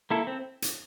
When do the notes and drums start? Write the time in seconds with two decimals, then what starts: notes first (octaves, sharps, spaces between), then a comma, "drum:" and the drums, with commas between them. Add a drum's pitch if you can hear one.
0.11 A#3 E4 A4
0.27 C4
0.62 drum: hi-hat